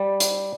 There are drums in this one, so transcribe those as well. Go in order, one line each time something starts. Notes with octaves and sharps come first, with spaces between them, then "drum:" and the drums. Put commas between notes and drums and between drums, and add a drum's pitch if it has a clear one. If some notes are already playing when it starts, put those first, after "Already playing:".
Already playing: G3
drum: hi-hat